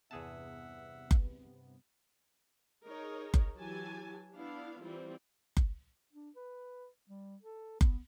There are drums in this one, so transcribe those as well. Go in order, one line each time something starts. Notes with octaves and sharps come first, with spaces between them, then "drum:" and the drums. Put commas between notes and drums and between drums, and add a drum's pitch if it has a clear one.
E2 G2 C3 B3 G#4 E5 F#5 A5
drum: kick F#1
D#4 G#4 A#4 C#5
drum: kick F#1
E3 F#3 G4 G#5 A5
B3 D4 E4 F5
E3 G3 C4 E4 F4
drum: kick F#1
D4
B4
G3
A4
B3, drum: kick F#1